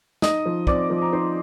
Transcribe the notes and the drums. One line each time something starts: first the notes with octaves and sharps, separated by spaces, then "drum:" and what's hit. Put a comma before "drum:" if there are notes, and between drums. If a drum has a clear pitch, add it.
D#4 D#5 D#6, drum: snare
F3
C4 D5 D6, drum: kick
F3
A#5
D#4 C5 C6